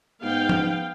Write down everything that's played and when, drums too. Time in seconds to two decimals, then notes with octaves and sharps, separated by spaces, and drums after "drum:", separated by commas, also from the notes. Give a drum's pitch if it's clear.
0.23 G#2 B3 F5 G5
0.49 drum: tom F3